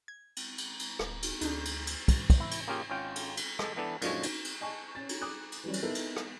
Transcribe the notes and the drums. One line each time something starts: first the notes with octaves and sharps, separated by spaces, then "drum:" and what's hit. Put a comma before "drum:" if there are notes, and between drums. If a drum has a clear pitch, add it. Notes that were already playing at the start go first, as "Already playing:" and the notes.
G#6
drum: cymbal
drum: cymbal
drum: cymbal
D1, drum: rim click
drum: cymbal
D2 D4 D#4, drum: cymbal
drum: cymbal
drum: cymbal
drum: kick, cymbal
drum: kick, cymbal
E4
drum: cymbal
A#3 C#4 F4 G4 G#4
G#1 C#4 F4 G5
drum: cymbal
drum: cymbal
G#3 A4, drum: rim click
E3 B3 D4 A4
F#2 A#2 D3 F3 G#3 C#5, drum: cymbal
drum: cymbal
drum: cymbal
D#5 G#5 A5 C#6
C#4 A6
drum: cymbal
D6 D#6 F#6
drum: cymbal
E3 F#3 G3 C#4
drum: cymbal
B3 D#4 E4 A4 A#4
drum: cymbal
drum: rim click